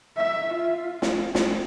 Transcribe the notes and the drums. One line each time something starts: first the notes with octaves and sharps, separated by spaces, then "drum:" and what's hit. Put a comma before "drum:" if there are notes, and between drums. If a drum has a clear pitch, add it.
E5
F4
drum: snare
drum: snare